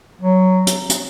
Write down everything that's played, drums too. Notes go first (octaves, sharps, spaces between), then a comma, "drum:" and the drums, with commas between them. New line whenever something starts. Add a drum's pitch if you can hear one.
F#3
drum: hi-hat
drum: hi-hat